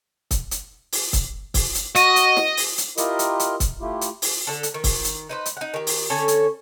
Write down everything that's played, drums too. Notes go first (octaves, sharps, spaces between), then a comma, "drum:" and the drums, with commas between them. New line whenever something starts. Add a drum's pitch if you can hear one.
drum: kick, hi-hat
drum: hi-hat
drum: open hi-hat
drum: kick, hi-hat
drum: kick, open hi-hat
drum: hi-hat
F#4 D#5, drum: hi-hat
drum: hi-hat
drum: snare
drum: open hi-hat
drum: hi-hat
E4 F4 G4 A#4 D#5, drum: hi-hat
drum: hi-hat
drum: hi-hat
drum: kick, hi-hat
A3 E4 F4 G4
drum: hi-hat
drum: open hi-hat
D3 D4 A4
drum: hi-hat
D#3
drum: kick, open hi-hat
drum: hi-hat
D#4 B4 C5
drum: hi-hat
D#4 F#5
D#3 G4
drum: open hi-hat
D3 C#4 A4 C#5
drum: hi-hat